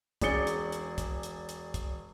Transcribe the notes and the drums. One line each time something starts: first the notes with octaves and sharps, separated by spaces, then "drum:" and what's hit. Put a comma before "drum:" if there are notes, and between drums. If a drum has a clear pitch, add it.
E1 C#4 G#4 D5 C#7 G7, drum: kick, hi-hat
drum: hi-hat
drum: hi-hat
drum: kick, hi-hat
drum: hi-hat
drum: hi-hat
drum: kick, hi-hat